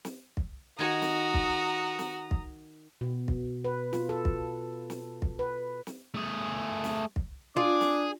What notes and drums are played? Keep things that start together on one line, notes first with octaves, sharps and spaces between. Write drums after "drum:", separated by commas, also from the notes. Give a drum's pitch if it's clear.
drum: snare
drum: kick
D#3 F#4 G#5 A#5 D#6
drum: snare
drum: kick
drum: snare
drum: kick
B2
drum: kick
B4
F4, drum: snare
A4
drum: kick
drum: snare
drum: kick
B4
drum: snare
A3 G#4
drum: snare
drum: kick
D4 F4 G#4 D6
drum: snare